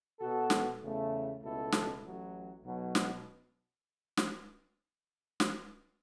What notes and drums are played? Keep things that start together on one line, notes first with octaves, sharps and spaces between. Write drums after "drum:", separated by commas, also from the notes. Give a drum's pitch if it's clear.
B2 B3 F#4 A4
drum: snare
E2 C#3 A3
C#2 B2 A3 E4 A4
drum: snare
A1 A2 F#3
B1 B2 F#3
drum: snare
drum: snare
drum: snare